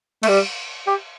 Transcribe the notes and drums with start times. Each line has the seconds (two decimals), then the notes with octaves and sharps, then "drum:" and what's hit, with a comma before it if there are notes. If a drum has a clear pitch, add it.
0.23 A3, drum: cymbal
0.28 G3
0.87 G4